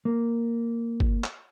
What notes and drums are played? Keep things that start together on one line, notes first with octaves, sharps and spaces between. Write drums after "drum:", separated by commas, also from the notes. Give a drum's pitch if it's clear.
A#3
drum: kick
drum: clap